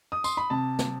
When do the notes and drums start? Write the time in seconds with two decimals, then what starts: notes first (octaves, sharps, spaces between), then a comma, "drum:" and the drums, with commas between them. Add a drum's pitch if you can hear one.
0.12 D#6
0.24 C6, drum: tambourine
0.37 B5
0.50 C3 A5
0.79 drum: snare